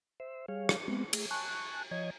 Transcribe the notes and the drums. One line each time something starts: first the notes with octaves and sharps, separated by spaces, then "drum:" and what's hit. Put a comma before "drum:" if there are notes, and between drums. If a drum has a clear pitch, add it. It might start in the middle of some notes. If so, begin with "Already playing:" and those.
C5 E5
G3 G#4 C#5 F5
drum: rim click
G#3 B3 C4
A3 G#4, drum: cymbal
G#5 A5 C#6 F#6
F3 C#5 D#5 G#6